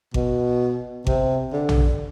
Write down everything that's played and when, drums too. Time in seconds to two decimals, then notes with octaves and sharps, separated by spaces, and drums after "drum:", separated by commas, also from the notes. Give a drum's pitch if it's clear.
0.14 B2, drum: kick G#1
1.07 C3, drum: kick G#1
1.53 D3
1.69 drum: tom